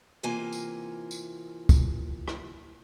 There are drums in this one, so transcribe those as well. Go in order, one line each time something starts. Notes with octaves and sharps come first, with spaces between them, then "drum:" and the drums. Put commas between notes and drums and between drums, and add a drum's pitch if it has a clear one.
C3 E3 A#3 F4 G#5
drum: tambourine
drum: tambourine
drum: kick, tambourine
drum: rim click